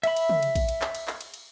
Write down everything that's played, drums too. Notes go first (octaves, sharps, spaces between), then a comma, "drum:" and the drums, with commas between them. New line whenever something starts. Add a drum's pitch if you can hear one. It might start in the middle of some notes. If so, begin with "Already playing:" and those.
E5 B5, drum: cymbal
drum: cymbal
drum: tom
drum: cymbal
drum: kick A1, cymbal
drum: cymbal
drum: clap
drum: cymbal
drum: clap
drum: cymbal
drum: cymbal